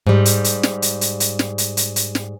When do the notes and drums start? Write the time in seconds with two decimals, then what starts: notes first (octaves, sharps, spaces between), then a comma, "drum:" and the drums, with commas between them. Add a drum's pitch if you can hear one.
0.07 G#2 G3
0.25 drum: hi-hat
0.44 drum: hi-hat
0.63 drum: snare
0.82 drum: hi-hat
1.01 drum: hi-hat
1.20 drum: hi-hat
1.39 drum: snare
1.58 drum: hi-hat
1.77 drum: hi-hat
1.96 drum: hi-hat
2.15 drum: snare